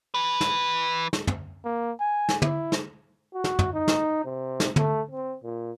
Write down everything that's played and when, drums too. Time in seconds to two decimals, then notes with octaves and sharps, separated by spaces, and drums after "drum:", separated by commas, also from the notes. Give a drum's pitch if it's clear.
0.14 E3 B4
0.41 drum: snare
1.13 drum: snare
1.27 drum: tom
1.64 A#3
2.00 G#5
2.29 drum: snare
2.42 E4, drum: tom
2.72 drum: snare
3.34 F#4
3.44 drum: snare
3.59 drum: tom
3.74 D#4
3.88 drum: snare
4.25 C3
4.60 drum: snare
4.76 A3, drum: tom
5.11 C4
5.44 A#2